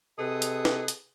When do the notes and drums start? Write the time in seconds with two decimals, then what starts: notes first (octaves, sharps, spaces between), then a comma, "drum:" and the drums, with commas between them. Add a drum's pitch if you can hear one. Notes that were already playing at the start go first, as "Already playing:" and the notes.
0.19 C3 G#4 A4 B4 D#5
0.42 drum: hi-hat
0.65 drum: snare
0.88 drum: hi-hat